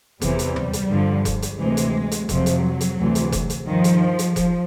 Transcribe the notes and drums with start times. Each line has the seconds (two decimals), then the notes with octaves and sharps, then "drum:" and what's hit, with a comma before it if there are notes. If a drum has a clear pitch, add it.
0.21 E2 C3 E3 G3, drum: kick F1, hi-hat
0.39 drum: hi-hat
0.56 drum: tom D#2
0.73 drum: hi-hat
0.91 G2 D3 F3
1.25 drum: kick F1, hi-hat
1.42 drum: hi-hat
1.59 D2 C3 E3 G#3
1.77 drum: hi-hat
2.11 drum: hi-hat
2.29 F2 C3 F3 F#3, drum: kick F1, hi-hat
2.46 drum: hi-hat
2.81 drum: hi-hat
2.98 D2 C3 E3
3.15 drum: hi-hat
3.32 drum: kick F1, hi-hat
3.50 drum: hi-hat
3.67 G2 D#3 F3
3.84 drum: hi-hat
4.19 drum: hi-hat
4.36 F3, drum: kick F1, hi-hat